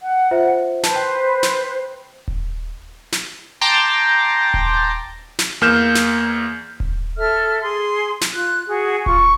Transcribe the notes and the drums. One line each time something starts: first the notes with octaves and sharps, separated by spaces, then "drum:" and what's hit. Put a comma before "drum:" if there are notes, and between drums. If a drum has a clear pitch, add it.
F#5
F4 C5 E5
B4 C5 A5, drum: snare
G5
drum: snare
drum: kick D#1
drum: snare
G5 A5 A#5 C6 D6 A6
drum: kick D#1
drum: snare
E2 A#3 F6 G6 E7
drum: snare
drum: kick D#1
A4 E5 F6
G#4 C6
drum: snare
F4 F#6
F#4 G#4
F4 C#6, drum: kick D#1